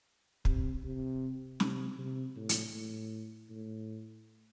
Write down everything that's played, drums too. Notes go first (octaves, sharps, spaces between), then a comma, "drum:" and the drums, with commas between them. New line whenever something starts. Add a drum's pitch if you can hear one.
C3, drum: kick
C3
C3, drum: snare
C3
A2
drum: hi-hat
A2
A2